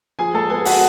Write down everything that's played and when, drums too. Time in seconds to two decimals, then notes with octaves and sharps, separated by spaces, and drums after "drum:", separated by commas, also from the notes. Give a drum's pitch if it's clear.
0.19 F3 G#4 G#5
0.34 G#3 A4 A5
0.50 B3 G#4 G#5
0.65 F#4 F#5, drum: open hi-hat